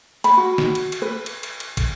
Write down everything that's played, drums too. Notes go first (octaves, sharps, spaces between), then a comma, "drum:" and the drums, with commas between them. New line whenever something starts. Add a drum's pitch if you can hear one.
B5, drum: cymbal
F#4
drum: snare
drum: cymbal
drum: cymbal
B4
drum: cymbal
drum: cymbal
drum: cymbal
drum: kick, cymbal